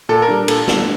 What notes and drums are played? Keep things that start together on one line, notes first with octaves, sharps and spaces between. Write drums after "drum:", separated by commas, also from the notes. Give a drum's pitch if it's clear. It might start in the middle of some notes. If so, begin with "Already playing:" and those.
A#2 A4
A#4
G3 D4
A#2 A4, drum: cymbal
G3 D4, drum: snare